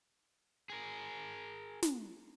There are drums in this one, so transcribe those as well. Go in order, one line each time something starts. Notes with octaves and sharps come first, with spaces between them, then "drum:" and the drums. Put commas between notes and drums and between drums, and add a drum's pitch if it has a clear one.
G#4 A#4
drum: snare